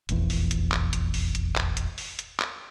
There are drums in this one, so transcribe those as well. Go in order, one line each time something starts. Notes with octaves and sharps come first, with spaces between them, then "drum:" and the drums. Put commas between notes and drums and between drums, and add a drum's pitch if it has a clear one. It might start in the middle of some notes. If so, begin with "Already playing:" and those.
F1 A#1 E2, drum: hi-hat
drum: open hi-hat
drum: hi-hat
drum: clap
drum: hi-hat
drum: open hi-hat
drum: hi-hat
drum: clap
drum: hi-hat
drum: open hi-hat
drum: hi-hat
drum: clap